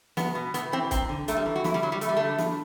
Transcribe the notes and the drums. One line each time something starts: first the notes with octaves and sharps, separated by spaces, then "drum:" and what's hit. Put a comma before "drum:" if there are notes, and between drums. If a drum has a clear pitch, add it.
E2 B3, drum: snare
B2
A2 B3, drum: hi-hat
E3 C4
F#2 C4, drum: kick, hi-hat
D3
F#2 A3, drum: hi-hat
G3
E3
F#4
F#2 E4, drum: snare
G3
D3 F#3
G3
E2 A3, drum: hi-hat
G3
D3 A3
A2, drum: snare